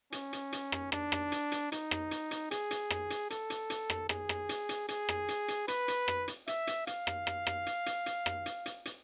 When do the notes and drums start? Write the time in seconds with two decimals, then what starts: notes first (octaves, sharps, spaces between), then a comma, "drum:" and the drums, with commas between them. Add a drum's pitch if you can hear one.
0.12 C#4, drum: hi-hat
0.33 drum: hi-hat
0.53 drum: hi-hat
0.72 drum: rim click
0.92 D4, drum: rim click
1.12 drum: rim click
1.32 drum: hi-hat
1.52 drum: hi-hat
1.72 D#4, drum: hi-hat
1.91 drum: rim click
2.11 drum: hi-hat
2.31 drum: hi-hat
2.51 G#4, drum: hi-hat
2.71 drum: hi-hat
2.91 drum: rim click
3.10 drum: hi-hat
3.30 A4, drum: hi-hat
3.50 drum: hi-hat
3.70 drum: hi-hat
3.90 drum: rim click
4.09 G#4, drum: rim click
4.29 drum: rim click
4.49 drum: hi-hat
4.69 drum: hi-hat
4.88 G#4, drum: hi-hat
5.09 drum: rim click
5.28 drum: hi-hat
5.48 drum: hi-hat
5.68 B4, drum: hi-hat
5.88 drum: hi-hat
6.08 drum: rim click
6.28 drum: hi-hat
6.47 E5, drum: hi-hat
6.67 drum: hi-hat
6.87 F5, drum: hi-hat
7.07 drum: rim click
7.27 drum: rim click
7.47 drum: rim click
7.66 drum: hi-hat
7.86 drum: hi-hat
8.06 drum: hi-hat
8.26 drum: rim click
8.46 drum: hi-hat
8.66 drum: hi-hat
8.85 drum: hi-hat